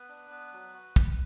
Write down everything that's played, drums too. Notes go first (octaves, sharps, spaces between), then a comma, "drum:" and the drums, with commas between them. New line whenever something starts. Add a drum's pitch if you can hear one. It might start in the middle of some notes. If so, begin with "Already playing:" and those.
Already playing: B3 B4
D4
B3
F#3
F#4
drum: kick